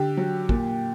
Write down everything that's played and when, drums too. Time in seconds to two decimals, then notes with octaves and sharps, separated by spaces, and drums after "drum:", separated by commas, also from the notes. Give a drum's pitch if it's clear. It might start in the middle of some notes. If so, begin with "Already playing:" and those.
Already playing: D3 G4
0.17 F#3
0.49 A#2, drum: kick